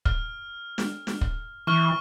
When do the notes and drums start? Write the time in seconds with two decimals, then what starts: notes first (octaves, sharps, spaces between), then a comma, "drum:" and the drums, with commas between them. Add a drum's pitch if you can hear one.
0.05 F6, drum: kick
0.78 drum: snare
1.07 drum: snare
1.21 drum: kick
1.67 E3 C#6 F6 G7